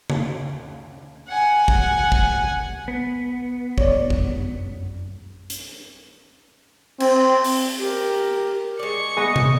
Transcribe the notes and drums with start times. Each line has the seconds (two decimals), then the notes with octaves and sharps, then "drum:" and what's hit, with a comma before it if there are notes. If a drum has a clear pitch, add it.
0.10 drum: tom C#3
1.29 F#5 G#5
1.68 drum: kick
2.12 drum: kick
2.88 B3
3.78 C#5 D5, drum: kick
4.10 F#2, drum: kick
5.50 drum: hi-hat
7.00 C4, drum: cymbal
7.44 drum: open hi-hat
7.79 G4 A#4
8.79 G#3 D5 C#6 C#7
9.17 B3 G#4 D#5
9.36 drum: tom C3